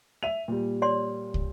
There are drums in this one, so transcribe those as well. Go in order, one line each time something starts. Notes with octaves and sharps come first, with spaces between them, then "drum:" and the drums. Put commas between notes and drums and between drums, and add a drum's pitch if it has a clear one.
E5 D#7 F7
A#2 G3
C#5 D5 C6
drum: kick